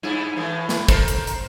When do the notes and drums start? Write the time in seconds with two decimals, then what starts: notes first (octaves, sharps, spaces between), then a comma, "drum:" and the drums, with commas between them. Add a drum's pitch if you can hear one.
0.03 G2 E4
0.36 A2 E3
0.69 drum: snare
0.89 A4 A#4 C5, drum: kick, hi-hat
1.08 drum: hi-hat
1.27 drum: hi-hat